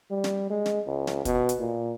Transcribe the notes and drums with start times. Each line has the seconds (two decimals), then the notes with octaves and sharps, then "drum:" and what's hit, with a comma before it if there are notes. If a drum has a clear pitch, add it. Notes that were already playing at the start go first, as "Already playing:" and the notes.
0.10 G3
0.24 drum: snare
0.50 G#3
0.66 drum: snare
0.86 C#2
1.07 drum: snare
1.25 B2, drum: kick, hi-hat
1.49 drum: hi-hat
1.59 A#2